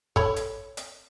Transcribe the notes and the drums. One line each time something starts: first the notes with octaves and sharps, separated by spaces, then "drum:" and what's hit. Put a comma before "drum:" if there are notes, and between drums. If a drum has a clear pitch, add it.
A4 C#5 B5, drum: kick
drum: hi-hat
drum: hi-hat